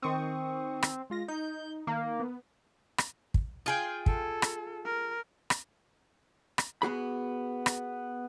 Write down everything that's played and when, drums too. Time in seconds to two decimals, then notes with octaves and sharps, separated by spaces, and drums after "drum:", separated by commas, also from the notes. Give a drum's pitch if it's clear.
0.02 D#3 C4 C#6 D#6
0.83 drum: rim click
1.10 G#3 F4 A#6
1.28 D#4 G6
1.87 D#3 A#3
2.20 B3
2.98 drum: rim click
3.34 drum: kick
3.66 F4 G#4 G5
4.06 A4, drum: kick
4.42 drum: rim click
4.85 A#4
5.50 drum: rim click
6.58 drum: rim click
6.82 B3 F#4 G#4 B5
7.66 drum: rim click